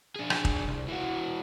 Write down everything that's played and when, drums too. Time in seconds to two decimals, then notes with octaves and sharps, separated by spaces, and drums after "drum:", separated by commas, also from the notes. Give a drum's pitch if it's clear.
0.16 D4 G#4
0.30 drum: rim click
0.45 drum: kick
0.68 C2
0.88 E3 F#4